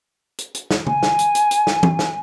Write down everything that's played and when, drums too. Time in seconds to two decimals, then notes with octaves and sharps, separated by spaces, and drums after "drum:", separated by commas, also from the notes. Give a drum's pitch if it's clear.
0.38 drum: hi-hat
0.54 drum: hi-hat
0.71 drum: snare
0.87 G#5, drum: tom
1.03 drum: snare
1.19 drum: hi-hat
1.35 drum: hi-hat
1.51 drum: hi-hat
1.67 drum: snare
1.83 drum: tom E3
1.99 drum: snare